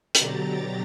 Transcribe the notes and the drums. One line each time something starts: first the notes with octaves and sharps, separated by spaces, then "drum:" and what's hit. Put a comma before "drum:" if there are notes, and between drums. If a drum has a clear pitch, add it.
B2 D3 F#3 G4 A#5 A6, drum: hi-hat